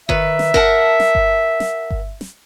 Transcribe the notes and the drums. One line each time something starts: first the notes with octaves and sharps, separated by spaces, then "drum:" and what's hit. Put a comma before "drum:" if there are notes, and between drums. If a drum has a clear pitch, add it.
D#3 B4 E5, drum: kick G1
drum: snare
A#4 F#5 A5, drum: kick G1
drum: snare
drum: kick G1
drum: snare
drum: kick G1
drum: snare